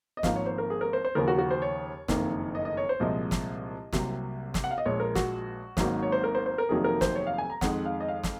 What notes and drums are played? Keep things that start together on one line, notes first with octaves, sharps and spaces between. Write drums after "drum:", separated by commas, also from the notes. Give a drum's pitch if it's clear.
D#5
G#1 G#2 F3 A#3 F5, drum: snare
C#5
C5
A#4
G#4
A#4
C5
C5
D#2 C#3 F3 A#3 A#4
F#4
F#4
C5
C#5
F#1 F2 D#3 A#3, drum: snare
D#5
D#5
C#5
C5
C2 A#2 F3 G#3 D#5
drum: snare
C2 C3 F#3 A#3, drum: snare
drum: snare
F#5
F5
D#5
A#1 A#2 G#3 C#5
A#4
F#4, drum: snare
G#1 G#2 D#3 F#3 A#3, drum: snare
C#5
C5
A#4
C5
C5
A#4
F1 F2 D#3 F#3 A#3 G#4
A#4
C5, drum: snare
C#5
F5
G#5
A#5
F2 D#3 G#3 F#5, drum: snare
F5
D#5
F5
drum: snare